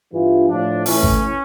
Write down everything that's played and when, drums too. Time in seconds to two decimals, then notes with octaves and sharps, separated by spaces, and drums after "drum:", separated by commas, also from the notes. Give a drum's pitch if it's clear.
0.13 G2 E3 F4
0.49 A2 F3 D4
0.86 A2 E3 C#4, drum: open hi-hat
1.03 drum: kick G#1